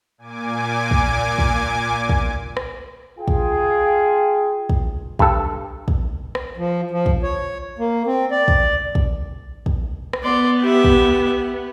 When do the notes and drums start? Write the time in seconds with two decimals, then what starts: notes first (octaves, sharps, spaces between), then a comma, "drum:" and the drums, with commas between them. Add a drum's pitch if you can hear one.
0.18 A#2 G#5 D6
0.91 drum: kick
1.38 drum: kick
2.09 drum: kick
2.57 drum: rim click
3.19 F4 G#4 G5
3.28 drum: kick
4.69 drum: kick
5.19 G2 A4, drum: kick
5.88 drum: kick
6.35 drum: rim click
6.57 F3
6.91 F3
7.06 drum: kick
7.23 C#5
7.79 A#3
8.07 C4
8.31 D5
8.48 drum: kick
8.95 drum: kick
9.66 drum: kick
10.13 drum: rim click
10.23 B3 D5 C6
10.61 G4 E5
10.84 drum: kick